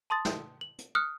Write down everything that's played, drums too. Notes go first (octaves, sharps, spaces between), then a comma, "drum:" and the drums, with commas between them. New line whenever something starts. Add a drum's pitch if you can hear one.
A5 C6 D#6 A6
drum: snare
F#7
drum: hi-hat
D#6 F6 F#6 C#7